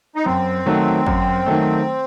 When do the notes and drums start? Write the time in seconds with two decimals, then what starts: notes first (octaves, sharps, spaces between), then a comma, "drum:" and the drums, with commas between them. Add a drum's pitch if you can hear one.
0.16 D#4
0.25 F#2 C4
0.66 D#3 F#3 A3
1.06 F#2, drum: kick
1.46 D#3 F#3 A3